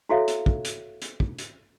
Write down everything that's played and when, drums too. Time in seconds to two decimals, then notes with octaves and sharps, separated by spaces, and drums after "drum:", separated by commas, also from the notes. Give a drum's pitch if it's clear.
0.09 E4 F#4 A4 C#5 E5 F5
0.28 drum: hi-hat
0.46 drum: kick
0.65 drum: hi-hat
1.02 drum: hi-hat
1.20 drum: kick
1.38 drum: hi-hat